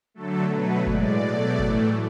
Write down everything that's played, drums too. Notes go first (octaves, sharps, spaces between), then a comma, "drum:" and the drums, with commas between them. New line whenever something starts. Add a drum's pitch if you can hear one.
D3 F#3 A3 A4
B2 F#3 A3 B4
A2 G#3 D5, drum: kick G1
B2 F#3 A3
A2 E3 A3, drum: kick G1